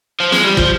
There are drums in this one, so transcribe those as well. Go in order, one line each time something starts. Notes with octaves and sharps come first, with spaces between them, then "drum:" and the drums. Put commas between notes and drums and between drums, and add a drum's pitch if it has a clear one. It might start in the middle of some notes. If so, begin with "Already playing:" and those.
F3
G#3, drum: snare
G3
F3, drum: kick